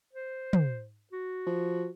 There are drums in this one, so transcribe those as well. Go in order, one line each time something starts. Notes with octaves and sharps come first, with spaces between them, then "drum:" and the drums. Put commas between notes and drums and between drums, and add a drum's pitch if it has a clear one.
C5
drum: tom
F#4
F3